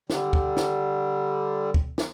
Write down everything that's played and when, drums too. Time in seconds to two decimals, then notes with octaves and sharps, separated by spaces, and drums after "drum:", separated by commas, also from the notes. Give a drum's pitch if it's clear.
0.10 D3 G3, drum: snare
0.33 drum: kick
0.57 drum: snare
1.74 drum: kick
1.98 drum: snare